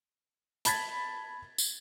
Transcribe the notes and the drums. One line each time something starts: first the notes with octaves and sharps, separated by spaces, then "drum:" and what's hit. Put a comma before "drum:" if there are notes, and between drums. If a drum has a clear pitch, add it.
A5 B5 G#6 A6 B6, drum: hi-hat
drum: tambourine